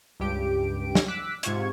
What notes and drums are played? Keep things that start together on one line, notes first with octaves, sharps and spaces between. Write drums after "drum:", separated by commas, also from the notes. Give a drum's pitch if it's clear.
C#2 G2 G4 D7
drum: snare
D6 E6 F#6 B6
G#2 C3 F4 C#6 G#6, drum: hi-hat